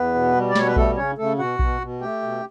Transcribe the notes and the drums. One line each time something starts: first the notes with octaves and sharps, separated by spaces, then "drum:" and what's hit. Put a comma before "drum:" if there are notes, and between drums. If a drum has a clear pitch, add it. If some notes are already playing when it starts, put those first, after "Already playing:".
Already playing: E2 B3 B4
B2
G3
D5
B2 C#5, drum: snare
B4
G3 A3 A4, drum: kick A#1
C#3 C#4 C#5
C#3 A3 A4
B2 F#4 F#5
B2, drum: kick A#1
B2
A3 G4 G5
B2